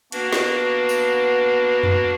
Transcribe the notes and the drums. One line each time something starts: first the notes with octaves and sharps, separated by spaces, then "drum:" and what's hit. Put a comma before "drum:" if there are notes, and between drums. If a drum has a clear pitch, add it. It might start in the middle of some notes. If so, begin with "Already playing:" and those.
A#3 B3 D4 F#4, drum: hi-hat
drum: snare
drum: tambourine
drum: tom F2